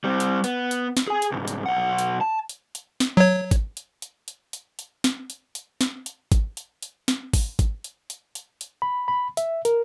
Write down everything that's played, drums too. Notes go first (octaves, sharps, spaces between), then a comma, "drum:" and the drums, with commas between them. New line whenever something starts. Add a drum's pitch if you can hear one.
G3 C4
drum: hi-hat
B3, drum: hi-hat
drum: hi-hat
drum: snare
G#4 G#5
drum: hi-hat
C2 G#2
drum: hi-hat
B1 F#5
drum: hi-hat
A5
drum: hi-hat
drum: hi-hat
drum: snare
F#3 C#5
drum: kick G#1, hi-hat
drum: hi-hat
drum: hi-hat
drum: hi-hat
drum: hi-hat
drum: hi-hat
drum: snare
drum: hi-hat
drum: hi-hat
drum: snare
drum: hi-hat
drum: kick G#1, hi-hat
drum: hi-hat
drum: hi-hat
drum: snare
drum: kick G#1, open hi-hat
drum: kick G#1, hi-hat
drum: hi-hat
drum: hi-hat
drum: hi-hat
drum: hi-hat
B5
B5
E5, drum: hi-hat
A#4, drum: hi-hat